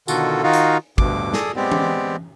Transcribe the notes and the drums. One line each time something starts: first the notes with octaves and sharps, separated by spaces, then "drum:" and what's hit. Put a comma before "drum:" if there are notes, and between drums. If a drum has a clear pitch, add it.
B2 D3 D#3 F4 F#4 A4, drum: tambourine
D#3 D#4 F4 F#4 F5
drum: hi-hat
D2 G2 B2 D6, drum: kick
G#4 A4 D5 D#6, drum: snare
G#3 B3 C4 G4 D5
drum: tom E3